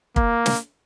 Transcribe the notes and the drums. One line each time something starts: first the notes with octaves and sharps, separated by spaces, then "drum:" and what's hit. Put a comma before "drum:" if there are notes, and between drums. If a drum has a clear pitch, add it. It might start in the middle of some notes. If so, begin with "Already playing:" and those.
A#3, drum: kick
drum: snare